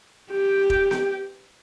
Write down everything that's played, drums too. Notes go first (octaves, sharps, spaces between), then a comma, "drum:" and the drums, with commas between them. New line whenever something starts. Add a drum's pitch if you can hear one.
G4
drum: kick E1
drum: snare B3